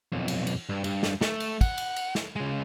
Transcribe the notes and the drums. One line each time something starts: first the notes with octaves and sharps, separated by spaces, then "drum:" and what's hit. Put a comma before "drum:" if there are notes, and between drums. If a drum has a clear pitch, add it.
B1 F2
drum: cymbal
drum: cymbal
G2
G2, drum: cymbal
drum: snare
A3, drum: snare
drum: cymbal
F#5, drum: kick, cymbal
drum: cymbal
drum: cymbal
drum: snare
C#3 G#3